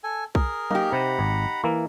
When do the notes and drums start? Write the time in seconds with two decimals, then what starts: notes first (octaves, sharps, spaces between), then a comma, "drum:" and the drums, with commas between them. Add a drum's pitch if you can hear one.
0.04 A4 G#5
0.35 G#4 A#4, drum: kick B1
0.71 A#3 D#4 G4, drum: tom F#3
0.92 C3 F#5 A#5 B5
1.19 G#1
1.64 E3 A#3 E4